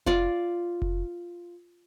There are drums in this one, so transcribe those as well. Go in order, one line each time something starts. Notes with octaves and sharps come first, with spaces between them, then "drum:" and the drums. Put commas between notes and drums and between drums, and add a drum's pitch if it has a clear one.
F4 D5, drum: kick F1
drum: kick F1